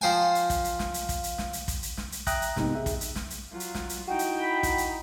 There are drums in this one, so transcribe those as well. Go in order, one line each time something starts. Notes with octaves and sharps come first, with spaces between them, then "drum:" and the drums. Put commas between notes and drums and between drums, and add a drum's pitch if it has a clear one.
F3 C5 G5 G#5
drum: hi-hat
drum: kick, hi-hat
drum: hi-hat
drum: snare
drum: hi-hat
drum: kick, hi-hat
drum: hi-hat
drum: snare
drum: hi-hat
drum: kick, hi-hat
drum: hi-hat
drum: snare
drum: hi-hat
E5 G5 A#5 D#6 F#6 A#6, drum: kick, hi-hat
drum: hi-hat
G#2 C3 A#3 B3 D#4, drum: snare
G#4 E5
drum: kick, hi-hat
drum: hi-hat
drum: snare
drum: hi-hat
F#3 F4
drum: hi-hat
drum: snare
drum: hi-hat
D#4 E4 F#4 G5
drum: hi-hat
B5
drum: kick, hi-hat
drum: hi-hat